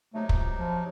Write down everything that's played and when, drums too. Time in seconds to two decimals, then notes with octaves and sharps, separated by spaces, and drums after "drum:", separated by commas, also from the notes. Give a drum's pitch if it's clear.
0.14 C3 F#3 A3 D#4
0.29 C#2, drum: kick
0.57 F3